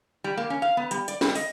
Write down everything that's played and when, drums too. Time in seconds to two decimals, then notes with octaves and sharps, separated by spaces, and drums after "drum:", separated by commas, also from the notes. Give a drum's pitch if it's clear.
0.24 G3
0.37 A#3
0.50 C#4
0.62 F5
0.77 B3
0.91 G3, drum: hi-hat
1.08 D5, drum: hi-hat
1.21 G3, drum: snare
1.35 D#5, drum: open hi-hat